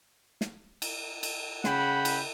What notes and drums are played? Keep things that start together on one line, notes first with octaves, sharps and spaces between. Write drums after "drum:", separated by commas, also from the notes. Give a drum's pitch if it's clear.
drum: snare
drum: cymbal
drum: cymbal
C#3 F#5 G5 B5, drum: snare
drum: cymbal